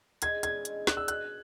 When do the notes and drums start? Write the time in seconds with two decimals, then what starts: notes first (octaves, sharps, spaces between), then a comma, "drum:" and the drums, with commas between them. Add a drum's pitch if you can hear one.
0.22 G#3 G#6, drum: hi-hat
0.43 C#4 G#4 B4 G#6, drum: hi-hat
0.65 G#3, drum: hi-hat
0.87 C#4 G#4 B4 F#6, drum: snare
0.97 E6
1.08 B2 F#6, drum: hi-hat